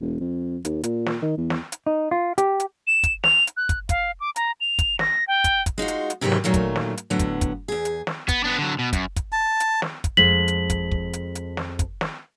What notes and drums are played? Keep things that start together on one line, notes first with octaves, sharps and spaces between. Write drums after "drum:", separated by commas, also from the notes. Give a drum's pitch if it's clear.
E1
F2
D#2, drum: hi-hat
A#2, drum: hi-hat
drum: snare
D#3
E2
drum: snare
drum: hi-hat
D#4
F4
G4, drum: hi-hat
drum: hi-hat
E7
drum: kick, hi-hat
F7, drum: snare
drum: hi-hat
F#6
drum: kick, hi-hat
F5, drum: kick, hi-hat
D6
A#5, drum: hi-hat
F7
drum: kick, hi-hat
A#6, drum: snare
G5
drum: kick, hi-hat
drum: kick, hi-hat
G#3 D#4 F4 F#4
drum: hi-hat
drum: hi-hat
G#2 C3 D#3 F#3 G4 B4
drum: snare
A#2 D#3 F#3 A3 F4
drum: kick, hi-hat
drum: snare
drum: hi-hat
A2 D3 F#3 B3
drum: kick, hi-hat
drum: kick, hi-hat
E2 G#4
drum: hi-hat
drum: snare
B3, drum: kick, hi-hat
B3 D4
D3 F#3
B2
F#2, drum: kick, hi-hat
drum: kick, hi-hat
A5
drum: hi-hat
drum: snare
drum: kick, hi-hat
F2 G#3 B6 F#7
drum: hi-hat
drum: kick, hi-hat
drum: kick
drum: hi-hat
drum: hi-hat
drum: snare
drum: kick, hi-hat
drum: snare